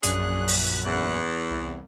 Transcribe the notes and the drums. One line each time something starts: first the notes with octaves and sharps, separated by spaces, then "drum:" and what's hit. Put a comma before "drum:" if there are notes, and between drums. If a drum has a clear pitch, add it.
A#1 F#2 C#4 D4 G#4 F#6, drum: hi-hat
drum: open hi-hat
E2
C2